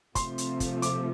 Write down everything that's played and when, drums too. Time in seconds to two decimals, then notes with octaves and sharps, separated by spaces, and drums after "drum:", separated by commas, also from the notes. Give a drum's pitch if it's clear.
0.15 C3 F3 A3 C6, drum: kick, hi-hat
0.38 drum: hi-hat
0.60 drum: kick, hi-hat
0.82 D6, drum: hi-hat